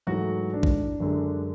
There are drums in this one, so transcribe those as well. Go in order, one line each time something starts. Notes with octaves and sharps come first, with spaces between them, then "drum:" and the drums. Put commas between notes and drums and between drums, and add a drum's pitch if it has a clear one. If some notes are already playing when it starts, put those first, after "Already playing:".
G#2 E3 F#3 A3 F#4
D4
drum: kick A#1
F#2 D3 G#3